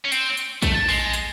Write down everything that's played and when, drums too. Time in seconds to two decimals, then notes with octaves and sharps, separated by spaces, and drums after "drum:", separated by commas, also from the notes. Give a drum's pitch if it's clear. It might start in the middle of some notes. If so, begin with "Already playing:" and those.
0.05 C#4
0.12 C4, drum: hi-hat
0.37 drum: hi-hat
0.62 A3, drum: kick A#1, hi-hat
0.89 G#3, drum: open hi-hat
1.14 drum: hi-hat